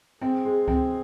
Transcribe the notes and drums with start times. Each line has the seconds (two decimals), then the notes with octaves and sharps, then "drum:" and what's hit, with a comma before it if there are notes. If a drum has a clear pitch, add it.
0.21 C4 G#4
0.45 G#3
0.68 C4, drum: kick C#2